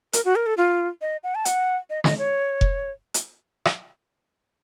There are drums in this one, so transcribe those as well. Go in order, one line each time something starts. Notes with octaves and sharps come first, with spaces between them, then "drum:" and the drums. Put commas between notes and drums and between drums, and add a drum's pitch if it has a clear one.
A#4, drum: hi-hat
F#4
A#4
A4
F4
D#5
F#5
A5
F#5, drum: hi-hat
D#5
D#5, drum: snare
C#5
drum: kick F1
drum: hi-hat
drum: rim click